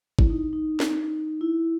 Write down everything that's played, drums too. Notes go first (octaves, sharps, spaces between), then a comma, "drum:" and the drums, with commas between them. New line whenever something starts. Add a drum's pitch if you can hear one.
E4, drum: kick
D#4
D#4
drum: snare
E4